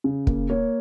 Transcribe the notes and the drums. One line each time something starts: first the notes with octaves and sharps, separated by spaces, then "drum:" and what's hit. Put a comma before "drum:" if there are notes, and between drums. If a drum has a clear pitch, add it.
C#3
A#3, drum: kick
A#3 C#5